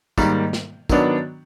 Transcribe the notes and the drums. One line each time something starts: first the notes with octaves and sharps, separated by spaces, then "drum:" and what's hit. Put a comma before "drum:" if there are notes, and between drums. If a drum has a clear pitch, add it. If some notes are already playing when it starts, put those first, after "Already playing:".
G#2 D#3 G3 A#3, drum: kick, tambourine
drum: snare
D#3 F#3 B3 D4, drum: kick, tambourine